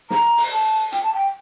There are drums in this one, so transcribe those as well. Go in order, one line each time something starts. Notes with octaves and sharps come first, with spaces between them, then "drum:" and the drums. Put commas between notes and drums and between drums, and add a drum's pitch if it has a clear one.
A#5, drum: snare
drum: open hi-hat
A5
G5, drum: hi-hat
A5
G5